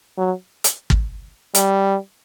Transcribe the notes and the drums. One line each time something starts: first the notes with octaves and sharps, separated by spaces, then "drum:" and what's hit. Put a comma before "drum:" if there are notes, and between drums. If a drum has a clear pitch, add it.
F#3
drum: hi-hat
drum: kick
G3, drum: hi-hat